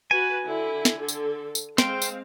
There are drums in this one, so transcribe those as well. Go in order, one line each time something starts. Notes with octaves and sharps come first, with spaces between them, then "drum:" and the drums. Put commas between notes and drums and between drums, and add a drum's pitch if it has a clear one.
F#4 B4 G#5
D3 E4
drum: snare
D3 A4
drum: tambourine
drum: tambourine
G#3 C4 C5 F5 G5, drum: snare
drum: tambourine